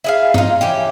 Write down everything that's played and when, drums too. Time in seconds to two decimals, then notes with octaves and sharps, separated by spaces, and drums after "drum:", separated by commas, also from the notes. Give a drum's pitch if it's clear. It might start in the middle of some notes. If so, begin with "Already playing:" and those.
0.04 E4 G#4 F5
0.34 D#4 F4, drum: tom G2
0.61 E3 C#4 G4